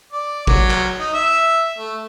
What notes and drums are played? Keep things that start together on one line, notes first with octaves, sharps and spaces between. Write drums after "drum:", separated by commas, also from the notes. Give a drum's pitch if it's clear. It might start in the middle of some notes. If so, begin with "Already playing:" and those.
D5
F#3, drum: kick
drum: clap
D#4
E5
A3